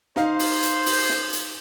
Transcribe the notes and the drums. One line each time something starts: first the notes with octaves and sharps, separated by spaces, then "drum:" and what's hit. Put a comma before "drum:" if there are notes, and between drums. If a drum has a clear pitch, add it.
D#4 C5 F5, drum: snare
drum: open hi-hat
drum: hi-hat
drum: open hi-hat
drum: snare
drum: hi-hat